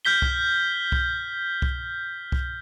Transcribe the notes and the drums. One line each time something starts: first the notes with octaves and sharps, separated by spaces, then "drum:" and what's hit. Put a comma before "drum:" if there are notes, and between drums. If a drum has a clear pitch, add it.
F6 G6 B6 G7
drum: kick C2
drum: kick C2
drum: kick C2
drum: kick C2